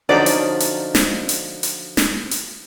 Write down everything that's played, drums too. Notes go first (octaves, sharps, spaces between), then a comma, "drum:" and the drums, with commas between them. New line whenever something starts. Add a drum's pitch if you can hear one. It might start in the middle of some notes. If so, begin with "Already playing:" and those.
D3 F3 F#3 C#4 D#4 D5
drum: hi-hat
drum: hi-hat
drum: snare
drum: hi-hat
drum: hi-hat
drum: snare
drum: hi-hat